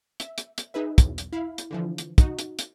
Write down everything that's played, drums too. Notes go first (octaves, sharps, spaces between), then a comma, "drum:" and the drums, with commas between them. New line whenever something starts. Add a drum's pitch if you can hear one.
E5, drum: hi-hat
drum: hi-hat
drum: hi-hat
D#4 G#4 B4 E5
B1 E2, drum: kick, hi-hat
drum: hi-hat
E4 F5 B5
drum: hi-hat
D3 E3 F3
drum: hi-hat
D#4 F#4, drum: kick, hi-hat
drum: hi-hat
drum: hi-hat